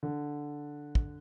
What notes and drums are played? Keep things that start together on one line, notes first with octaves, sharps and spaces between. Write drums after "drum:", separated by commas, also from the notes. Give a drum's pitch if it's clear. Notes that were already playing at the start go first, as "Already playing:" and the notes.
D3
drum: kick